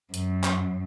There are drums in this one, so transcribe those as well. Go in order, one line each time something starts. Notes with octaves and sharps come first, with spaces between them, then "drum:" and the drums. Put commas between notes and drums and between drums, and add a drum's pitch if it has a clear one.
F#2, drum: hi-hat
drum: clap